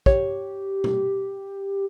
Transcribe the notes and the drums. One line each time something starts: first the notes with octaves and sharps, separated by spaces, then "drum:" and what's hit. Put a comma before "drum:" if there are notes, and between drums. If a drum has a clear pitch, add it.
G4 C#5, drum: kick
drum: tom